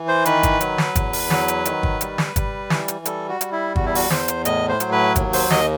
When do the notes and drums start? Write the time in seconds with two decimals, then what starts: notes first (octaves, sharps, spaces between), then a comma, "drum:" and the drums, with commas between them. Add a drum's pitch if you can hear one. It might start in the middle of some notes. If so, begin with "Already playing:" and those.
Already playing: E3
0.08 C5
0.25 D#3 B4, drum: hi-hat
0.43 drum: kick, hi-hat
0.61 F#3, drum: hi-hat
0.78 drum: snare
0.95 E2, drum: kick, hi-hat
1.13 drum: open hi-hat
1.30 F#3, drum: snare
1.48 drum: hi-hat
1.65 D#3, drum: hi-hat
1.83 drum: kick
2.01 G3, drum: hi-hat
2.18 drum: snare
2.36 G3, drum: kick, hi-hat
2.70 E3, drum: snare
2.88 drum: hi-hat
3.06 G3 A4, drum: hi-hat
3.29 F#4
3.41 G3, drum: hi-hat
3.52 E4
3.76 E2 F#4, drum: kick
3.85 E4
3.95 F#4, drum: open hi-hat
4.10 E2 C5, drum: snare
4.28 drum: hi-hat
4.45 A2 D#5, drum: hi-hat
4.69 C5
4.80 F#3, drum: hi-hat
4.92 B4
5.16 D#2, drum: kick, hi-hat
5.33 C5, drum: open hi-hat
5.50 D#2 D#5, drum: snare